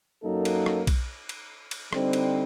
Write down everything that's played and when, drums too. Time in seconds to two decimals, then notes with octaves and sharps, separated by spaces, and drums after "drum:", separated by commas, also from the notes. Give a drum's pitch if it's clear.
0.24 F#2 F#3 A#3 D#4 A4
0.45 drum: cymbal
0.66 drum: rim click
0.87 drum: kick B1, cymbal
1.29 drum: cymbal
1.71 drum: cymbal
1.93 D3 G3 C4 D#4, drum: rim click
2.13 drum: cymbal